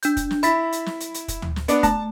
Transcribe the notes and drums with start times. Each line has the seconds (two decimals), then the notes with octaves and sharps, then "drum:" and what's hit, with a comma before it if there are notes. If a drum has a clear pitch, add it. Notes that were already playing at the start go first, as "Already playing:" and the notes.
0.03 D4 G6, drum: hi-hat
0.17 drum: kick, hi-hat
0.31 drum: snare
0.43 E4 B5 A6 B6, drum: hi-hat
0.72 drum: hi-hat
0.86 drum: snare
1.00 drum: hi-hat
1.14 drum: hi-hat
1.28 drum: kick, hi-hat
1.42 drum: tom
1.56 drum: snare
1.68 B3 D4 D5, drum: hi-hat
1.83 A3 A5, drum: kick, hi-hat